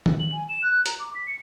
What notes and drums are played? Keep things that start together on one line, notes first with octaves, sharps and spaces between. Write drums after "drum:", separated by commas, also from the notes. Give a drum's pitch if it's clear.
drum: tom D#3
F#7
G#5
E7
F#6
A#5, drum: hi-hat
D6
B6
C#7